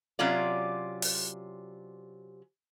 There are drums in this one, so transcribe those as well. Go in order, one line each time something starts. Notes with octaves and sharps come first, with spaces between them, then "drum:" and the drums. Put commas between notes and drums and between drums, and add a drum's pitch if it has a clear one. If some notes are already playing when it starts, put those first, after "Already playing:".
C3 F#3 C#4 F4 D5
drum: open hi-hat